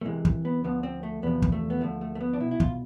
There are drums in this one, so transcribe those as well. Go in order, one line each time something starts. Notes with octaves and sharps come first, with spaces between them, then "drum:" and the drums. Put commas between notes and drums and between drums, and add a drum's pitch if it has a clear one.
A3
C2 C3 E3 G#3
drum: kick
B3
D2 D3 F3 B3
C4
A3
E2 C3 F3 B3
drum: kick
A3
B3
D2 D3 F3 A3
A3
A3
B3
D4
C2 B2 E4
E4
F4, drum: kick